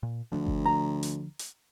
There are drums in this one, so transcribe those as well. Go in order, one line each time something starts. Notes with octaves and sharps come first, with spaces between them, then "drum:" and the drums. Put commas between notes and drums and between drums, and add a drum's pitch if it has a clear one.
A#2
D2 D3 F3
drum: kick G1
A#5
drum: hi-hat
drum: hi-hat